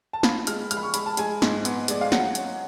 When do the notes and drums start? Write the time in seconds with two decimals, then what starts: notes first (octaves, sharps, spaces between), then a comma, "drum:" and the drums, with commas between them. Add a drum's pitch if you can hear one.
0.13 A5
0.23 F4 B5, drum: snare
0.47 G#3 F6, drum: hi-hat
0.71 G#3 F6, drum: hi-hat
0.77 B5
0.83 C#6
0.94 G#3 B5, drum: hi-hat
1.06 A5
1.17 G#3 G#5, drum: hi-hat
1.42 G#2, drum: snare
1.65 B3, drum: hi-hat
1.88 G#3 D5, drum: hi-hat
2.01 F5
2.12 F#3 F#5, drum: snare
2.35 C#4, drum: hi-hat